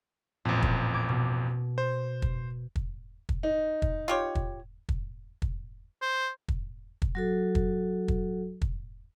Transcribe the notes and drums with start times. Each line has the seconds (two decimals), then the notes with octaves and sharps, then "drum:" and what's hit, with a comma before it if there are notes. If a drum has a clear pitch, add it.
0.45 A1 F2 A#2
0.62 drum: kick
0.94 D6 G#6
1.09 B2
1.78 C5
2.22 drum: kick
2.76 drum: kick
3.29 drum: kick
3.43 D#4
3.82 drum: kick
4.08 F4 G4 C#5
4.35 drum: kick
4.89 drum: kick
5.42 drum: kick
6.02 C5
6.48 drum: kick
7.02 drum: kick
7.15 F#3 F#4 A4
7.55 drum: kick
8.08 drum: kick
8.62 drum: kick